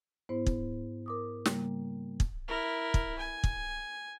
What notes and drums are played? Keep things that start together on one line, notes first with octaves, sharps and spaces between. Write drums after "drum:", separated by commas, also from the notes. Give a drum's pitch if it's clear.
G#2 B3 E4 C5
drum: kick
A#4 D6 D#6
C#3 G3 A#3, drum: snare
drum: kick
E4 A#4
drum: kick
G#5
drum: kick